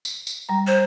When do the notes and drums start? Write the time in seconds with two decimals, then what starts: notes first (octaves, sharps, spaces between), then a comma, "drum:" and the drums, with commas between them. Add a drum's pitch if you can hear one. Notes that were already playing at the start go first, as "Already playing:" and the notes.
0.05 drum: tambourine
0.27 drum: tambourine
0.49 G3 A#5
0.67 C5